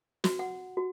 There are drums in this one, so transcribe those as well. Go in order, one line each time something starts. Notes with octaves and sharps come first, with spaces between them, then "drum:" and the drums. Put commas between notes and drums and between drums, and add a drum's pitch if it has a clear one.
F#4, drum: snare
F#5
F#4